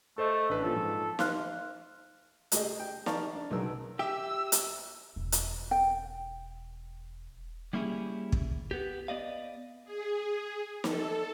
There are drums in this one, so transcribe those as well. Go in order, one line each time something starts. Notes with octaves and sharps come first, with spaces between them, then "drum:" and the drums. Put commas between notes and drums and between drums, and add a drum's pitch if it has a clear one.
A3 A4 C5 D#5
A1 D4 B4
A#2 F3 C#4 A4
G#2 F3
C5 F5 C6 F6 F#6, drum: snare
A3 G4 G#4 D#5, drum: hi-hat
G5
D5 F5 A5 A#5 C#6, drum: snare
D4
B1 C#3 F#3 A#4 E6
G4 E5 E6
drum: hi-hat
E1
drum: hi-hat
G5
G3 A#3 C#4 E4 G4 G#4
drum: kick
B3 G4
B3 D5 D#5 F5
G#4
A4, drum: snare